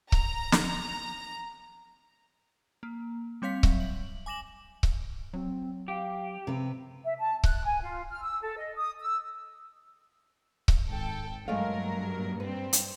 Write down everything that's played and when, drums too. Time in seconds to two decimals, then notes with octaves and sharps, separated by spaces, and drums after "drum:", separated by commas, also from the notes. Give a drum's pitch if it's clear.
0.12 A#5, drum: kick C#1
0.52 drum: snare
2.83 A#3
3.42 G3 C4 C#5 F5 B6
3.63 F#3 E5, drum: kick C#1
3.80 F#7
4.26 G#5 D6 A#6 E7 F#7
4.83 drum: kick C#1
5.33 F#3 C4
5.88 G4 F5
6.47 C3 C4 B4
7.05 E5
7.19 A5
7.44 F#6, drum: kick C#1
7.64 G#5
7.81 F4
8.10 F6
8.22 E6
8.42 A4
8.57 D#5
8.76 D#6
9.00 E6
10.68 drum: kick C#1
10.87 G#1 A4 G5
11.48 G2 A#2 F#3 G#3 A3 A#4 F5
12.40 G3 C4 B4
12.73 drum: hi-hat